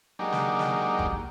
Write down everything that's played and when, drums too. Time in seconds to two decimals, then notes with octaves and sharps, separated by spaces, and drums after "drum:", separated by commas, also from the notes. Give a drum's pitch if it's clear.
0.19 F#3 G#3 A#3 D4 D#4 G4
0.32 drum: snare
0.59 drum: snare
0.99 drum: kick